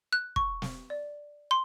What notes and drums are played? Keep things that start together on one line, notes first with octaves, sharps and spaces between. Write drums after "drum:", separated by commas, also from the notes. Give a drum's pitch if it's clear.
F#6
C#6, drum: kick
drum: snare
D5
C6